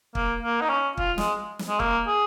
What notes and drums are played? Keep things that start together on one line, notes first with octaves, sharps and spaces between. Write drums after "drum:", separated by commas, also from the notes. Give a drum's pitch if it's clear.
A#3, drum: kick
A#3
D#4
C#4
F4, drum: kick
G#3, drum: snare
drum: snare
G#3
A#3, drum: kick
G#4